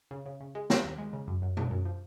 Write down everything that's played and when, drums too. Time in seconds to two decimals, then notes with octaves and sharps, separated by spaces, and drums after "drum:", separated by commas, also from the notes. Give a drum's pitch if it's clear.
0.11 C#3
0.26 C#3
0.40 C#3
0.55 G#3
0.70 F3, drum: snare
0.84 D#2
0.98 G#3
1.13 C#3
1.28 F#2
1.42 F#2
1.57 F3, drum: tom
1.71 F#2
1.85 F3